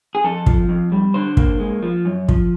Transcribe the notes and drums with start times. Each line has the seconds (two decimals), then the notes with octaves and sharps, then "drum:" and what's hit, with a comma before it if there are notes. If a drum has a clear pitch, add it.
0.15 G#4
0.24 F2 A4
0.46 F3, drum: kick
0.69 F2
0.92 G3
1.14 D3 C5
1.37 A#3, drum: kick
1.60 G#3
1.83 F3
2.05 F#2
2.29 F3, drum: kick